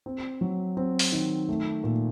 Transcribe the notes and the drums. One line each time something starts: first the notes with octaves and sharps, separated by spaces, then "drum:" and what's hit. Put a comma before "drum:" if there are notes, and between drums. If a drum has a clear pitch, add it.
C4
F#3
C4
drum: open hi-hat
D#3
A3
A#2